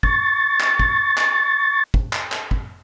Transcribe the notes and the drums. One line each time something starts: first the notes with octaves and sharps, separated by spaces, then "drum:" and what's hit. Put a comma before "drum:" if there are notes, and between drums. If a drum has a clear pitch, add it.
C#6 A6, drum: kick
drum: clap
drum: kick
drum: clap
drum: kick
drum: clap
drum: clap
drum: kick